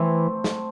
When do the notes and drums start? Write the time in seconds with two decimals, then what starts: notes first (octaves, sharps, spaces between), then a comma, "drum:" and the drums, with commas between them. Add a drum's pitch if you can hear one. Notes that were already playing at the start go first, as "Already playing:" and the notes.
Already playing: E3 A3 C4
0.44 drum: snare